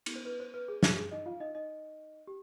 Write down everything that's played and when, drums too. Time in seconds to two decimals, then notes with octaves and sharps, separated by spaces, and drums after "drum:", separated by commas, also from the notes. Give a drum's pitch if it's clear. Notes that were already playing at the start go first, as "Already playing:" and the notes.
0.06 drum: cymbal
0.16 C5
0.25 B4
0.40 C5
0.54 B4
0.68 G#4
0.83 G4, drum: snare
0.97 G#4
1.11 D#4 D#5
1.26 F4 F5
1.40 D#4 D#5
1.55 D#4 D#5
2.27 G4